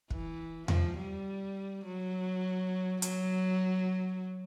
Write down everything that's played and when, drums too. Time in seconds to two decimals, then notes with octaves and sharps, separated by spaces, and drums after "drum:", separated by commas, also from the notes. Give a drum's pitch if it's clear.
0.10 E3, drum: kick
0.68 F3, drum: tom E2
0.97 G3
1.85 F#3
3.02 F#3, drum: hi-hat